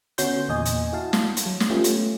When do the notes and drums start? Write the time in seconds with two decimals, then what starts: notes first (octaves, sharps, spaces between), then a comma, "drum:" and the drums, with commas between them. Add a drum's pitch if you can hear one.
0.18 D3 B3 C#4 F#4 C6 G6, drum: hi-hat
0.49 E2 A#2 D#5 G#5
0.65 drum: hi-hat
0.92 E4 F#4 F5 A5
1.13 drum: snare
1.37 drum: hi-hat
1.46 F#3
1.60 drum: snare
1.70 A3 B3 C#4 F4 G4
1.84 drum: hi-hat